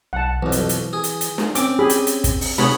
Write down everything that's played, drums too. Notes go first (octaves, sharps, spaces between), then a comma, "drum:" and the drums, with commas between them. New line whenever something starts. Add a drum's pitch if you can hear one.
B1 F#5 A5
B1 F2 E3
drum: hi-hat
drum: hi-hat
G#4
drum: hi-hat
drum: hi-hat
drum: snare
C4 C#4 D6, drum: hi-hat
G4 G#4 B5
drum: hi-hat
drum: hi-hat
drum: kick, hi-hat
drum: open hi-hat
C3 B3 G#4 C#5 B5, drum: snare